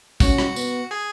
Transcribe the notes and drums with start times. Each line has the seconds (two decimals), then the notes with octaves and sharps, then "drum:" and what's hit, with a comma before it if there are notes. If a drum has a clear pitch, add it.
0.20 C#4 F#4 F#5, drum: kick, tambourine
0.38 drum: rim click
0.56 B3, drum: tambourine
0.91 G#4 G#5